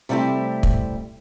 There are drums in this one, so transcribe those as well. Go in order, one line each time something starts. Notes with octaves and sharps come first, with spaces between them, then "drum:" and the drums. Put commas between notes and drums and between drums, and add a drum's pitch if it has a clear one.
C3 G3 A3 C4 E4 G4
drum: kick